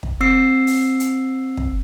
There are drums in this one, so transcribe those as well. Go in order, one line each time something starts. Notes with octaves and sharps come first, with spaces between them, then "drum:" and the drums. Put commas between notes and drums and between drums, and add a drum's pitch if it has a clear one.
drum: kick
C4 E6 C7
drum: open hi-hat
drum: hi-hat
drum: kick